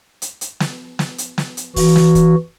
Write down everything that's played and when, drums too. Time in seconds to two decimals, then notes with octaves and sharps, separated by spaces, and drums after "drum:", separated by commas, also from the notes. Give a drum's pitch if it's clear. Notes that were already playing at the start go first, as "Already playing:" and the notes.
0.22 drum: hi-hat
0.41 drum: hi-hat
0.60 drum: snare
0.99 drum: snare
1.18 drum: hi-hat
1.38 drum: snare
1.57 drum: hi-hat
1.76 E3 F#4, drum: kick, open hi-hat
1.96 drum: snare
2.15 drum: kick, hi-hat